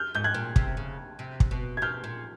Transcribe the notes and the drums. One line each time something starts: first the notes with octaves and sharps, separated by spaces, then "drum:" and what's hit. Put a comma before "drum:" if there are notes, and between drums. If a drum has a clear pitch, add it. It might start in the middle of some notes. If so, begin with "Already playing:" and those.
Already playing: F6 G6
G#2 G6
F#6 G#6
A#2
C3, drum: kick
C#3
C3
drum: kick
B2
G#6
B2 F6 G6
A#2